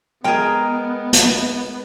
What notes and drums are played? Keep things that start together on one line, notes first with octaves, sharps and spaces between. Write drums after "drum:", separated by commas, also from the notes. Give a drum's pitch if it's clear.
G#3 B3 G#4 A#4 G5
drum: hi-hat